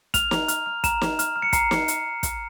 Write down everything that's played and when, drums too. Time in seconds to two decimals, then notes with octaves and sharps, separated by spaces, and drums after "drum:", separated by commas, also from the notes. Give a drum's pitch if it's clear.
0.14 F6 F7, drum: kick, hi-hat
0.31 A#5, drum: snare
0.48 F6, drum: hi-hat
0.66 F6
0.84 A#5 E7, drum: kick, hi-hat
1.02 A#5, drum: snare
1.19 F6, drum: hi-hat
1.36 F6
1.42 C#7
1.53 A#5 C7, drum: kick, hi-hat
1.71 A#5, drum: snare
1.88 drum: hi-hat
2.23 drum: kick, hi-hat